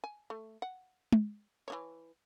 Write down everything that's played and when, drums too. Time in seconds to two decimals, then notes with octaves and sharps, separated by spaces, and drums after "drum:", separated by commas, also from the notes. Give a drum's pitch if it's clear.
0.04 G#5
0.30 A3
0.62 F#5
1.12 drum: tom
1.68 E3 B3 C#5